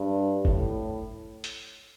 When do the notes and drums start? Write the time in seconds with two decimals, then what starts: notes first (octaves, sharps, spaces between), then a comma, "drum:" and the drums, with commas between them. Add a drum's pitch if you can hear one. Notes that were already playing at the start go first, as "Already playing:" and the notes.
Already playing: G2
0.45 A2, drum: kick
1.44 drum: hi-hat